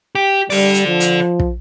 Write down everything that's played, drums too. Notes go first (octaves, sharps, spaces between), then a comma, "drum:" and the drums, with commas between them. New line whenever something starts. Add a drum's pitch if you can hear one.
G4
G3 A4 D5, drum: open hi-hat
drum: hi-hat
F3
drum: hi-hat
drum: kick